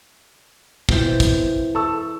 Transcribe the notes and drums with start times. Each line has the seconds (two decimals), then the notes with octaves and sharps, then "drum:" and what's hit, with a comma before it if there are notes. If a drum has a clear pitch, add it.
0.89 F2 B2 E3 C4 F4 G6, drum: kick
1.20 drum: kick, hi-hat
1.75 A4 A5 C#6 E6